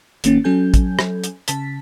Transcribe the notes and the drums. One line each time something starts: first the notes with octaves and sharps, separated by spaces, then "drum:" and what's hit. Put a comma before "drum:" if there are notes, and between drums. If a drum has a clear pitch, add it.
G#1 D#3 A#3 C#4 A6, drum: hi-hat
F#3 C#4 A4 G#5 G6
drum: kick, hi-hat
drum: rim click
drum: hi-hat
C#3 A5 B6, drum: hi-hat